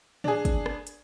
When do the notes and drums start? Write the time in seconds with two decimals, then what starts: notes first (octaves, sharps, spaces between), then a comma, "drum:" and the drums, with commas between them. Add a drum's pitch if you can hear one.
0.24 D4 G#4, drum: tom
0.45 drum: kick, hi-hat
0.66 drum: rim click
0.87 drum: hi-hat